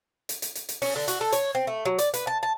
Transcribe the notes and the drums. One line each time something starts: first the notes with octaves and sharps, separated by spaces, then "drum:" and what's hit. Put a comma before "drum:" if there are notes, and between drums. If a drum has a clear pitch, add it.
drum: hi-hat
drum: hi-hat
drum: hi-hat
drum: hi-hat
C#4, drum: open hi-hat
D3
F#4, drum: hi-hat
A4
C#5, drum: hi-hat
C4
A3
F#3
D5, drum: hi-hat
B4, drum: hi-hat
A5
A5